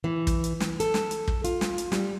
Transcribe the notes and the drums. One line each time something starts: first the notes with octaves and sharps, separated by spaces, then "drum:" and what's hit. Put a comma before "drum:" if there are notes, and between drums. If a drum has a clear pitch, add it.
E3
drum: kick, hi-hat
drum: hi-hat
drum: snare
A4, drum: hi-hat
drum: snare
drum: hi-hat
drum: kick
F4, drum: hi-hat
drum: snare
drum: hi-hat
G3, drum: snare